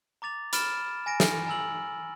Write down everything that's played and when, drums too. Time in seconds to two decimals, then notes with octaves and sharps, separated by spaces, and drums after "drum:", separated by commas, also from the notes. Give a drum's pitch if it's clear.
0.22 A#5 D6 A6 F7
0.53 B5 F6 A6 D7 E7, drum: hi-hat
1.06 G#5 A#6 D7
1.20 drum: snare
1.46 G#5 A#5 E6 F#7